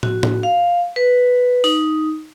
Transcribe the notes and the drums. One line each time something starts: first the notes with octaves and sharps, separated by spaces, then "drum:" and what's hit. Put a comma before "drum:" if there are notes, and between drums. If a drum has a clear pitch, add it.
F#4, drum: tom
drum: tom A2
F5
B4
D#4, drum: open hi-hat